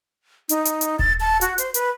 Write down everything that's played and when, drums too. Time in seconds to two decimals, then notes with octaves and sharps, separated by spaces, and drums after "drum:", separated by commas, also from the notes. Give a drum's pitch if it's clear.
0.49 D#4, drum: hi-hat
0.65 drum: hi-hat
0.81 drum: hi-hat
0.99 A6, drum: kick D#1
1.20 A5
1.41 F#4, drum: hi-hat
1.58 C5, drum: hi-hat
1.74 B4, drum: hi-hat